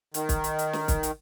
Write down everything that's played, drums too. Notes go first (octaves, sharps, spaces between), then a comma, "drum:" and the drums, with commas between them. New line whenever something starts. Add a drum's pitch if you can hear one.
D#3, drum: hi-hat
drum: kick, hi-hat
drum: hi-hat
drum: hi-hat
drum: snare
drum: kick, hi-hat
drum: hi-hat